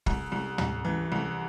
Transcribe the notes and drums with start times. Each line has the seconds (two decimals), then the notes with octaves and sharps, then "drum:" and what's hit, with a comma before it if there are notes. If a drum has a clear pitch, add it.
0.06 C2, drum: kick
0.32 C2
0.58 C2, drum: tom
0.85 E3
1.12 C2